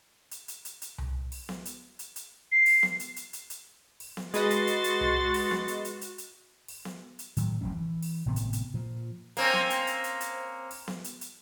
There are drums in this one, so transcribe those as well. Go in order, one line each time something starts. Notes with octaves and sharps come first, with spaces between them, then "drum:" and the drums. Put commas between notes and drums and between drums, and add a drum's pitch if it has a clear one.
drum: hi-hat
drum: hi-hat
drum: hi-hat
drum: hi-hat
drum: tom C2
drum: open hi-hat
drum: snare B3
drum: hi-hat
drum: hi-hat
drum: hi-hat
C7
drum: open hi-hat
drum: snare B3
drum: hi-hat
drum: hi-hat
drum: hi-hat
drum: hi-hat
drum: open hi-hat
drum: snare B3
G#3 F#4 B4 D#5 C6 A6, drum: hi-hat
drum: hi-hat
drum: hi-hat
drum: hi-hat
drum: tom C2
drum: open hi-hat
drum: snare B3
drum: hi-hat
drum: hi-hat
drum: hi-hat
drum: hi-hat
drum: open hi-hat
drum: snare B3
drum: hi-hat
A2 D#3 F#3, drum: hi-hat
E1 A1 F#3 C#4
E3
drum: open hi-hat
G#1 A2 C3 B3
drum: hi-hat
drum: hi-hat
A#2 F3
A#3 C4 C#4, drum: open hi-hat
drum: snare B3
drum: hi-hat
drum: hi-hat
drum: hi-hat
drum: hi-hat
drum: open hi-hat
drum: snare B3
drum: hi-hat
drum: hi-hat